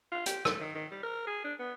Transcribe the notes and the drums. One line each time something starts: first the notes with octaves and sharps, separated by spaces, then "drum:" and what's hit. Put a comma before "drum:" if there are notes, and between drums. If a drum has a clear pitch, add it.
F4
G4, drum: hi-hat
A3, drum: rim click
D#3
D#3
G3
A#4
G#4
D4
B3